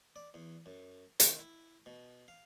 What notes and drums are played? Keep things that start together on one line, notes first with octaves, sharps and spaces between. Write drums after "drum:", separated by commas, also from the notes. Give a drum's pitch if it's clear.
D5
E2
F#2
D#3, drum: hi-hat
E4
B2
F5